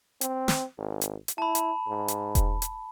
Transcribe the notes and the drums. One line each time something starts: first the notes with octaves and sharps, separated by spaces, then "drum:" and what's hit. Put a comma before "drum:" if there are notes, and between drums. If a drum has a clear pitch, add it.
C4, drum: hi-hat
drum: snare
G#1
drum: hi-hat
drum: hi-hat
E4 A5 B5
drum: hi-hat
G#2
drum: hi-hat
drum: kick E1, hi-hat
drum: hi-hat